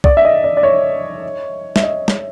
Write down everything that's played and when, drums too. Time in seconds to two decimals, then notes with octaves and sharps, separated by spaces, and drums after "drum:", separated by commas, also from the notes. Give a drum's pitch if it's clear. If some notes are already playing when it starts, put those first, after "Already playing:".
0.04 D5, drum: kick
0.17 E5
0.25 D#5
0.44 D5
0.57 D5
0.63 C#5
1.76 E5, drum: snare
1.83 D#5
2.08 drum: snare